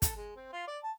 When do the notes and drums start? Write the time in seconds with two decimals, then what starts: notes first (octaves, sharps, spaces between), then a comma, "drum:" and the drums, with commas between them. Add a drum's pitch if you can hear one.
0.02 A4, drum: kick, hi-hat
0.16 G#3
0.36 C4
0.53 F4
0.68 D5
0.83 A5